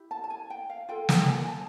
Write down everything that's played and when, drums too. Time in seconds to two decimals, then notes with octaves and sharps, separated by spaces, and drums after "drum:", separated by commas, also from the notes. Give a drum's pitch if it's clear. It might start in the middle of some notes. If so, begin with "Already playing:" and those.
Already playing: E4 G4
0.11 A5
0.24 A5
0.30 G#5
0.50 G5
0.70 F5
0.89 F4 A4 G5
1.09 G5, drum: snare
1.28 G#5
1.48 A5